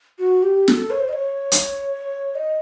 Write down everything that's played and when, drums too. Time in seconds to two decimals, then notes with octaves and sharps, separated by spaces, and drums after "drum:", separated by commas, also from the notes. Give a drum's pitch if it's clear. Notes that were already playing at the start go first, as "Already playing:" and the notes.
0.19 F#4
0.43 G4
0.68 A4, drum: snare
0.90 C#5
1.00 C5
1.09 D#5
1.13 C#5
1.52 drum: hi-hat
2.35 D#5